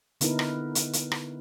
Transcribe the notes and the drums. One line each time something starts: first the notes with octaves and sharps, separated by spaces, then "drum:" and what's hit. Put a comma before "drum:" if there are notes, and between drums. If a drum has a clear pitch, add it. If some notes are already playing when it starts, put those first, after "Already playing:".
D3 B3 D#4 E4 A#4 B4, drum: hi-hat
drum: rim click
drum: hi-hat
drum: hi-hat
drum: rim click